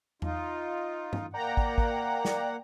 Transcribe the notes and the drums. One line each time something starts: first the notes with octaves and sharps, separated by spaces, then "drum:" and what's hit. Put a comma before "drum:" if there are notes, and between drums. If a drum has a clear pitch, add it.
D#4 F4, drum: tom E2
drum: tom G2
A#3 D5 F#5 G5 A#5
drum: kick
drum: kick
drum: snare